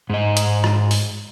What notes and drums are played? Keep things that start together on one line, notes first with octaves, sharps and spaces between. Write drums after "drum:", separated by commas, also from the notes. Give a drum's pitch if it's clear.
G#2 D#5
drum: hi-hat
drum: rim click
drum: open hi-hat